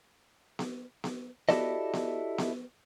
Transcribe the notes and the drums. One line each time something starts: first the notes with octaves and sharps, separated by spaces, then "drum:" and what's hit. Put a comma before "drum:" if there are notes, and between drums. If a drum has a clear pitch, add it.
drum: snare B3
drum: snare B3
E4 F#4 G4 A4 D5 D#5, drum: snare B3
drum: snare B3
drum: snare B3